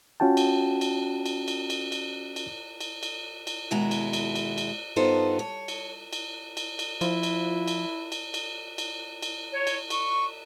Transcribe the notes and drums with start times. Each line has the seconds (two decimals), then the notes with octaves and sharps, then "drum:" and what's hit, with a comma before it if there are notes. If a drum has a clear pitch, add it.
0.20 C#4 F4 F#4 G5 A5
0.37 drum: cymbal
0.81 drum: cymbal
1.26 drum: cymbal
1.48 drum: cymbal
1.70 drum: cymbal
1.92 drum: cymbal
2.36 drum: cymbal
2.81 drum: cymbal
3.03 drum: cymbal
3.47 drum: cymbal
3.71 D#2 B2 G#3 E4 F#4 A#5
3.91 drum: cymbal
4.13 drum: cymbal
4.35 drum: cymbal
4.58 drum: cymbal
4.96 G2 B3 D#4 F4 A4 C5
5.39 C#5
5.68 drum: cymbal
6.13 drum: cymbal
6.57 drum: cymbal
6.79 drum: cymbal
7.01 F3 E4, drum: cymbal
7.23 drum: cymbal
7.68 drum: cymbal
8.12 drum: cymbal
8.34 drum: cymbal
8.78 drum: cymbal
9.22 drum: cymbal
9.51 C#5
9.67 drum: cymbal
9.90 C#6, drum: cymbal